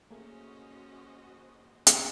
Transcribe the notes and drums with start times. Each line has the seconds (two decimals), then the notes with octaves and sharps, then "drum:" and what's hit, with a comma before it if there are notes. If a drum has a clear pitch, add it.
0.11 A3 A#3 C#4 F#4 G#4 C5 D#5
1.87 drum: hi-hat